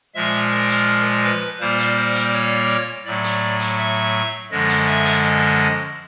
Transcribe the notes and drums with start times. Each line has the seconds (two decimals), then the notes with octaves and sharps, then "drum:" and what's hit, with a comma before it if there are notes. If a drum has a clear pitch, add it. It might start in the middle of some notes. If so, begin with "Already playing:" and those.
0.14 A#2 F3 G#3 E5
0.51 A#4
0.69 drum: hi-hat
1.24 B4
1.60 A#2 G3 A#3 C5
1.79 drum: hi-hat
1.97 C5
2.15 drum: hi-hat
2.33 C#5
3.05 A2 F#3 A3 D5
3.24 drum: hi-hat
3.60 drum: hi-hat
3.78 E5
4.51 F#2 D3 F3 G#3 D#5
4.69 drum: hi-hat
4.87 E5
5.06 drum: hi-hat
5.24 D#5